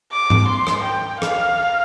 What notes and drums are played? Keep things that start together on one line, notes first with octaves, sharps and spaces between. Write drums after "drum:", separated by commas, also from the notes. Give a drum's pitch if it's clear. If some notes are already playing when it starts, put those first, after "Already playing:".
D6
drum: tom G#2
C6
drum: rim click
G5
F5, drum: rim click